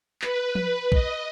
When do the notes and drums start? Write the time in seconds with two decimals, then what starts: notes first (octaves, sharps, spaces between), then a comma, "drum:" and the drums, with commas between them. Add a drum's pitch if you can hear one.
0.22 B4, drum: clap
0.55 drum: tom F3
0.92 D#5, drum: kick